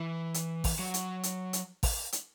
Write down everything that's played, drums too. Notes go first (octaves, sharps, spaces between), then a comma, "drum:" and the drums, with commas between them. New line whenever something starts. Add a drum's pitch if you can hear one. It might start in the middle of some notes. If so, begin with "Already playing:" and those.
Already playing: E3
drum: hi-hat
drum: kick, open hi-hat
F#3
drum: hi-hat
drum: hi-hat
drum: hi-hat
drum: kick, open hi-hat
drum: hi-hat